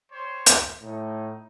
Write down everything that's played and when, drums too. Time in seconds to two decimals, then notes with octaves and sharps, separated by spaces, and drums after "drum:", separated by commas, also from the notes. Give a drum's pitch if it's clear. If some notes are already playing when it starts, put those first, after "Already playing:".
0.12 G3 C5 C#5
0.46 drum: hi-hat
0.81 A2 D#4